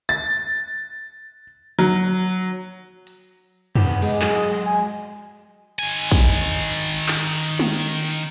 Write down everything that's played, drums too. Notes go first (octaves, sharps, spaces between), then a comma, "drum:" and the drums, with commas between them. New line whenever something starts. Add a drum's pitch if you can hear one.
A6
F#3
drum: hi-hat
G#2 B3 G4, drum: tom
G#3, drum: cymbal
F#3 G#3 G#4 D#5, drum: clap
G#5
D#3 G#5, drum: cymbal
drum: kick
drum: clap
drum: tom